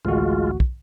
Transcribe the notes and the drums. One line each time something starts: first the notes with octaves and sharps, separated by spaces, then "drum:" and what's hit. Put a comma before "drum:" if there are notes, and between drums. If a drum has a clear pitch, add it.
A1 D2 G#3 F4 F#4
drum: kick